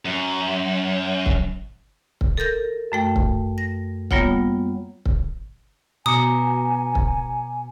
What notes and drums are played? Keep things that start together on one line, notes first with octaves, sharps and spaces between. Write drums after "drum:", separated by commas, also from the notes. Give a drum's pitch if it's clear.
F#2
drum: kick C#1
drum: kick C#1
A4 A#4 G6 A#6
F#2 A3 G5
drum: kick C#1
A#6
G3 A#3 B3 F4 C#5 F#5, drum: kick C#1
drum: kick C#1
B2 G#5 A#5 D6 D#6 C#7
drum: kick C#1